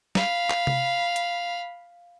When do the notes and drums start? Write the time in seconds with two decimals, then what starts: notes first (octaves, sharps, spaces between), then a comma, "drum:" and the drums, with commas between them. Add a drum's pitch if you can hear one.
0.15 F5 B5, drum: snare
0.50 drum: clap
0.67 drum: tom C3
1.16 drum: hi-hat